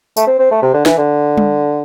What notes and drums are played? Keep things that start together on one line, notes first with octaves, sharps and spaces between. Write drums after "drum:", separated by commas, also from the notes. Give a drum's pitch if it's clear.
A3, drum: tambourine
C4
C4
A3
C3
D3
E3, drum: snare
D3
drum: tom G3